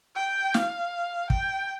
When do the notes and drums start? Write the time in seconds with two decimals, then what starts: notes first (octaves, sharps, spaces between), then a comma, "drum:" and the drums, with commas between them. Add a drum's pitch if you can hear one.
0.16 G5
0.54 F5, drum: snare
1.30 G5, drum: kick